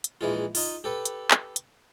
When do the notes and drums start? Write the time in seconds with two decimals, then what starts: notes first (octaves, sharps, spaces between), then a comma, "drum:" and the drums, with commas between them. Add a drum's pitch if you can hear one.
0.04 drum: hi-hat
0.21 A#1 E3 G#3 F4
0.55 D#4 F4, drum: open hi-hat
0.84 G4 A4 B4
1.05 drum: hi-hat
1.31 drum: clap
1.56 drum: hi-hat